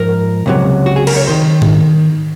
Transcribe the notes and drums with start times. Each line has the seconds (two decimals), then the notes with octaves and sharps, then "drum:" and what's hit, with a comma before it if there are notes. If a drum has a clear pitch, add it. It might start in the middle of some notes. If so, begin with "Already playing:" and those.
Already playing: G#2 F3 A#4
0.46 C#2 C3 D#3 F#3
0.86 F#4
0.96 G#4
1.07 A#4, drum: cymbal
1.16 C#5
1.27 D#3 C5
1.62 drum: tom G#2